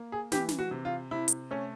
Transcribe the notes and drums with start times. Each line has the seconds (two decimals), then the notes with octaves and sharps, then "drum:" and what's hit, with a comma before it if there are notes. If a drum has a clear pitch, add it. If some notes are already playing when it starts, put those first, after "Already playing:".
Already playing: A#3
0.12 G#4
0.32 E3 G4, drum: snare
0.49 drum: snare
0.59 F#4
0.71 C3
0.85 F4
1.11 C3 E4
1.28 drum: hi-hat
1.51 A3 C#4